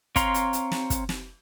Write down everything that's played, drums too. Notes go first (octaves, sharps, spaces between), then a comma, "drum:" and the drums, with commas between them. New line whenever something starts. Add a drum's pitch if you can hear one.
C4 C#5 F5 A#5 C6, drum: kick, hi-hat
drum: hi-hat
drum: hi-hat
drum: snare
drum: kick, hi-hat
drum: snare